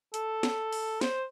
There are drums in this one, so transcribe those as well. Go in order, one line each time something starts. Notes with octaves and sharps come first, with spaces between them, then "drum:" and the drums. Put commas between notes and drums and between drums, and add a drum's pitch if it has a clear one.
A4, drum: hi-hat
drum: snare
drum: open hi-hat
C5, drum: snare